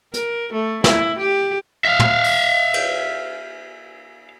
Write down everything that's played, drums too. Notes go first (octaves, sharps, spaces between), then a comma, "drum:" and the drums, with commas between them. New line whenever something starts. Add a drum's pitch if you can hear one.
A#4, drum: hi-hat
A3
E4, drum: snare
G4
E5 F5
drum: tom
drum: open hi-hat
drum: cymbal